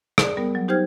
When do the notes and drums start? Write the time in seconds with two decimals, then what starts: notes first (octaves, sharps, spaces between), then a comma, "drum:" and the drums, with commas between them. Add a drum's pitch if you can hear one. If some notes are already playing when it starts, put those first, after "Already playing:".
0.18 G#4 D5, drum: rim click
0.37 G3 B3 A#4
0.55 F#3
0.68 D#4 G4 C5 G5 F6 G#6